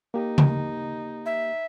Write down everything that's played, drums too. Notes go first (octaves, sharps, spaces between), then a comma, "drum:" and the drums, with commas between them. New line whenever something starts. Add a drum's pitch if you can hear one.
A#3 D#4 G4
drum: tom C#3
E5